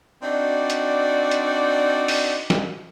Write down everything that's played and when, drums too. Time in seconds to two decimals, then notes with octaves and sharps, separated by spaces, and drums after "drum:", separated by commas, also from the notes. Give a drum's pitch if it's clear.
0.21 C4 D4 D#4 F#4 D5
0.70 drum: hi-hat
1.31 drum: hi-hat
2.08 drum: open hi-hat
2.50 drum: snare